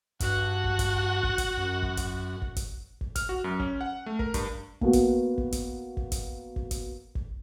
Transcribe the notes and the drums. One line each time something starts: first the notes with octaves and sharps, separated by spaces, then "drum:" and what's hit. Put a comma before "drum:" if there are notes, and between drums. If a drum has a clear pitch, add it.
G2 F#4 F#5, drum: kick, hi-hat
drum: kick
drum: kick, hi-hat
drum: kick
drum: kick, hi-hat
F#2
drum: kick
drum: kick, hi-hat
drum: kick
drum: kick, hi-hat
drum: kick
F6, drum: kick, hi-hat
F#4
F#2
C#4, drum: kick
F#5
A3
A#4, drum: kick
G2, drum: kick, hi-hat
A#3 B3 F#4, drum: kick
drum: kick, hi-hat
drum: kick
drum: kick, hi-hat
drum: kick
drum: kick, hi-hat
drum: kick
drum: kick, hi-hat
drum: kick